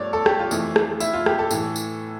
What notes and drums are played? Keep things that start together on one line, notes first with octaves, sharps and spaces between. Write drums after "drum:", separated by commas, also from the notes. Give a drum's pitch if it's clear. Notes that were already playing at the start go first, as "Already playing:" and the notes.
Already playing: G2 F3 A3 C#5 D5
A4
G4, drum: rim click
F4
F2 E3 A3, drum: tambourine
drum: rim click
E4, drum: tambourine
F4
G4, drum: rim click
A4
A2 E3 A3, drum: tambourine
drum: tambourine